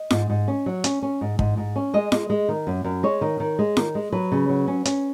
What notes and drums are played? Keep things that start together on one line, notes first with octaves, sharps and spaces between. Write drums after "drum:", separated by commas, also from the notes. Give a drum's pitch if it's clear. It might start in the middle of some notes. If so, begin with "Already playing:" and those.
Already playing: D#5
G#2, drum: snare
G#2
C#4
F#3
C#4, drum: hi-hat
C#4
G#2
G#2, drum: kick
G#2
C#4
G#3 D#5
G#3, drum: snare
G#3
D#3
F#2
F#2
G#3 C#5
D#3
D#3
G#3
D#3, drum: snare
G#3
F#3 B4
C#3
F#3
C#4
C#4, drum: hi-hat